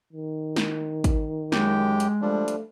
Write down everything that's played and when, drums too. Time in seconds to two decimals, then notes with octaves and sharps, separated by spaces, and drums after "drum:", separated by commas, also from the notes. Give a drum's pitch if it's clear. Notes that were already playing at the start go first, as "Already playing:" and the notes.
0.13 D#3
0.56 drum: snare
1.04 drum: kick, hi-hat
1.52 F#2 G#3 G4 G5, drum: snare
2.00 drum: hi-hat
2.22 F3 G3 A3 D4
2.48 drum: hi-hat